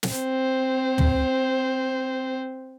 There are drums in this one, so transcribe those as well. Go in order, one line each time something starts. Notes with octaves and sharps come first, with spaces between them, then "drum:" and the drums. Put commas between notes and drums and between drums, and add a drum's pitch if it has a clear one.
drum: snare
C4 C5
drum: tom